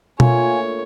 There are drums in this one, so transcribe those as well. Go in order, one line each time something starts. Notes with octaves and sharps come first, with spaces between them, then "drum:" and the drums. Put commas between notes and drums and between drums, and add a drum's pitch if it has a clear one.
A#2 D3 A3 F4 C#5 G#5, drum: tom B2